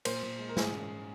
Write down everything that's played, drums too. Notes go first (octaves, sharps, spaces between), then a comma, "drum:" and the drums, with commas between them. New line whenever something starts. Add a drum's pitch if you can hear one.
A#2 C5, drum: cymbal
A#2
G#3
A#4
G#2 G#4, drum: snare
C#4